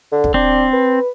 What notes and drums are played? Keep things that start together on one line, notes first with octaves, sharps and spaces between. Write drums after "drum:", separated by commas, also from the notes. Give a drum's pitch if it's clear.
D3
drum: kick
C4 D4
B4